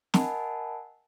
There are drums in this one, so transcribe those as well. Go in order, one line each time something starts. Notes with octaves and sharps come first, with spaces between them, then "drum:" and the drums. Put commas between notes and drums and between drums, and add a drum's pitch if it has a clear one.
A#4 D#5 F#5 G#5 A5 B5, drum: snare